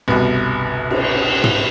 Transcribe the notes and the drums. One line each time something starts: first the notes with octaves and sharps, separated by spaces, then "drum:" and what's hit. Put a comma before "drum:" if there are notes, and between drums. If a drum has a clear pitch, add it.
G1 C2 B2
drum: cymbal
drum: tom